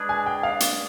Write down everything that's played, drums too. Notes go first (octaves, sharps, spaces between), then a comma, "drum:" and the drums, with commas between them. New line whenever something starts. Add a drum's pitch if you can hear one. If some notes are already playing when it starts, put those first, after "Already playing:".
Already playing: G#3 D4 G#4 B4
G#5
G5
F5
drum: hi-hat